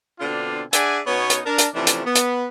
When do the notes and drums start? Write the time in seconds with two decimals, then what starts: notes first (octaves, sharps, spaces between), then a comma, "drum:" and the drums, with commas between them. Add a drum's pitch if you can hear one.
0.20 B2 D3 C4 D4 F4
0.73 D4 G#4 D5 E5 F#5 G#5, drum: hi-hat
1.06 B2 B3 C#4 D#4 C#5
1.30 drum: hi-hat
1.45 D4 A#4
1.58 drum: hi-hat
1.74 C3 E3 F3 A3 C#4 D4
1.87 drum: hi-hat
2.05 B3
2.15 drum: hi-hat